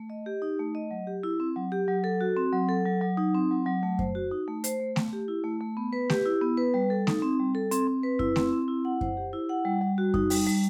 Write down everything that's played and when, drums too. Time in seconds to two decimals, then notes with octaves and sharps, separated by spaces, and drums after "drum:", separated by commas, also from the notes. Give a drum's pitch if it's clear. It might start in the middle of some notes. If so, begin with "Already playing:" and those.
Already playing: A3
0.10 D#5
0.26 G4
0.42 D#4
0.59 A3
0.75 D#5
0.91 F#3
1.07 G4
1.23 E4
1.40 C4
1.56 F#3
1.72 G4
1.88 F#3
2.04 A4
2.21 F#4
2.37 C4
2.53 F#3
2.69 A4
2.86 F#3
3.01 F#3
3.17 D#4
3.35 C4
3.51 F#3
3.66 F#3
3.83 A3
3.99 C5, drum: kick F#2
4.15 F#4
4.31 D#4
4.48 A3
4.64 C5, drum: hi-hat
4.80 A3
4.96 A3, drum: snare A3
5.13 G4
5.28 E4
5.44 A3
5.61 A3
5.77 B3
5.93 B4
6.10 G4, drum: snare A3
6.26 E4
6.41 B3
6.57 B4
6.74 G3
6.90 A4
7.07 D#4, drum: snare A3
7.22 C4
7.39 G3
7.55 A4
7.71 C4, drum: hi-hat
7.88 C4
8.03 B4
8.19 E4, drum: kick F#2
8.36 C4, drum: snare A3
8.53 C4
8.68 E4
8.85 F#5
9.01 C5, drum: kick F#2
9.17 G4
9.33 E4
9.49 F#5
9.65 G3
9.81 G3
9.98 F#4
10.14 D#4, drum: kick F#2
10.30 G3, drum: open hi-hat
10.47 G3